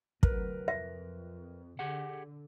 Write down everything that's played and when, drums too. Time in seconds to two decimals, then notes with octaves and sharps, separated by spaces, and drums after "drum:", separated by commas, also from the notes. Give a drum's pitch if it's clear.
0.23 D2 C3 F#3 A#4 B4, drum: kick
0.68 F2 E5
1.79 D3 G4 G#4 F#5